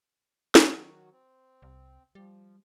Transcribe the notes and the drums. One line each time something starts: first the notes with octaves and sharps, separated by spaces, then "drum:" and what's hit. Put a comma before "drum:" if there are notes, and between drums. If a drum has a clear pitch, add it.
drum: snare
D#3 F#3 F#4
C4
C2
F3 G3